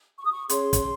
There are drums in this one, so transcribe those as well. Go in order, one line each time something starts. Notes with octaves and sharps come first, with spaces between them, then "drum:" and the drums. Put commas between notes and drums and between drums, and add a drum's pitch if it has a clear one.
C#6
D#6
C#6
C#4 G#4 C#5 C6, drum: hi-hat
drum: kick, hi-hat